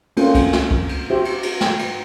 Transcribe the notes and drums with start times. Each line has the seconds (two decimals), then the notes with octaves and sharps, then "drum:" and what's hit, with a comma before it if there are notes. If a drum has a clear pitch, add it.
0.17 A3 A#3 C4 C#4 F4 A4, drum: cymbal
0.35 drum: kick, cymbal
0.53 drum: snare
0.71 drum: kick
0.89 drum: cymbal
1.10 F#4 G4 C5 E5
1.25 drum: cymbal
1.43 drum: cymbal
1.61 G5, drum: snare
1.79 drum: cymbal